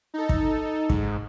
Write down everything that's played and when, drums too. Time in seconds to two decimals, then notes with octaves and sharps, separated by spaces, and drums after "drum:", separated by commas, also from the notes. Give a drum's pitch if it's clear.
0.14 D#4 A4
0.29 drum: kick
0.89 G#2, drum: kick